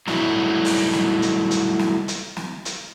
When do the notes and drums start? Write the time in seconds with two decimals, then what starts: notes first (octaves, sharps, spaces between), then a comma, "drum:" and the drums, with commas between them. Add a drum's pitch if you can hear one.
0.08 F#3 G3 A3 D#4 E4 F#4, drum: snare
0.65 drum: open hi-hat
0.93 drum: snare
1.22 drum: hi-hat
1.51 drum: hi-hat
1.79 drum: snare
2.08 drum: hi-hat
2.37 drum: snare
2.65 drum: hi-hat